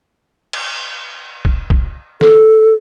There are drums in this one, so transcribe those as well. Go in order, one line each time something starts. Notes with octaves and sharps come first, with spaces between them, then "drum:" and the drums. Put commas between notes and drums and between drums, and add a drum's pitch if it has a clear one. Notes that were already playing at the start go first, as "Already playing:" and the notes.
drum: cymbal
drum: kick
drum: kick
A4, drum: snare